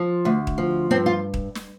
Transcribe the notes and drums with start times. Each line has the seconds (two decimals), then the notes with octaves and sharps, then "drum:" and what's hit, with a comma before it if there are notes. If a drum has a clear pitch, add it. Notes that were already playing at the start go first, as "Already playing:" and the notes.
Already playing: F3
0.25 D2
0.47 drum: kick D#1
0.58 F3
0.91 G2 C4
1.06 F4
1.34 drum: kick D#1
1.55 drum: snare